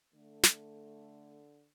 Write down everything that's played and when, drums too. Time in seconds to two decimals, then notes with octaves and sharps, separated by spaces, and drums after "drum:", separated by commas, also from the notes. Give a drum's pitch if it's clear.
0.15 D3 A3
0.44 drum: snare